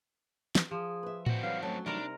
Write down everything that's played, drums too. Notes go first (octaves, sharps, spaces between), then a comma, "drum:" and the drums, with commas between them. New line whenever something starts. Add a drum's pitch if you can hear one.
drum: snare
F3 G#4
B4 E5
C4 F#4, drum: tom A2
E3 F#3 G3 F5
F#3 A3 C#4 A5
C3 G3 D4 D#4 A#4